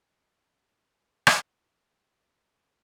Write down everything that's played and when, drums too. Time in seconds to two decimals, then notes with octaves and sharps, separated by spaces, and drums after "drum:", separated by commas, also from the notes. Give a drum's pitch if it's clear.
0.50 D#4 G#4 A#4 B4
1.27 drum: rim click
1.97 D#2 B2 F#3 G#3 A4 A#5